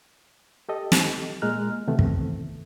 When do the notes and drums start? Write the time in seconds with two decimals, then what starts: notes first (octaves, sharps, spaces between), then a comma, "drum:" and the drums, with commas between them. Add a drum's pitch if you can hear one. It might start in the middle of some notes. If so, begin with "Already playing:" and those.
0.69 G4 A4 D#5
0.92 drum: snare
1.42 A#2 G#3 A#3 A#5 F6 F#6
1.88 C3 D#3 E3 A3 B3 C4
1.99 drum: kick